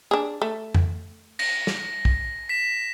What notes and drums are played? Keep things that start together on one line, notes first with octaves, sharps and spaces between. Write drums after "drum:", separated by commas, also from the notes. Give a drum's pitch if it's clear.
D4 G#4
A3
drum: tom F2
A#6, drum: cymbal
drum: snare
drum: kick
B6 E7